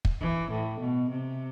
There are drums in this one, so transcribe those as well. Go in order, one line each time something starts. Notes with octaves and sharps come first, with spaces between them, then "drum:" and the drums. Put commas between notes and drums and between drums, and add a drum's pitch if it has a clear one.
drum: kick
E3
A2
B2
C3